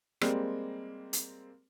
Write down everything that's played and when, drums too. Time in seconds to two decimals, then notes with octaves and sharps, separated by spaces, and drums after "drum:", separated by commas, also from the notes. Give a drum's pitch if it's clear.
0.21 G3 G#3 A#3 C4, drum: rim click
1.13 drum: hi-hat